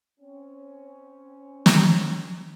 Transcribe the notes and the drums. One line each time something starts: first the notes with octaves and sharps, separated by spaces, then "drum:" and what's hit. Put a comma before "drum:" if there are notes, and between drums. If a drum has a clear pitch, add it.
C4 C#4
drum: snare